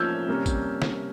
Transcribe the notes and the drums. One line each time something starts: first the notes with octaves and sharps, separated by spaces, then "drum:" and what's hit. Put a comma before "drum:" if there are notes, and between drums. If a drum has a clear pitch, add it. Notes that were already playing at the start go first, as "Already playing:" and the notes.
Already playing: F3 A#3 C#4 E6 F6 G6 G#6
C3 G3 A#3 C#4
drum: kick G#1, tambourine
drum: snare